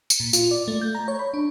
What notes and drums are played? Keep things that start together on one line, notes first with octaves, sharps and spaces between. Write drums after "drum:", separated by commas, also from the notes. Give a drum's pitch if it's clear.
drum: tambourine
A#2
F4, drum: tambourine
D5
A3
G6
A#5
C#5
B5
D4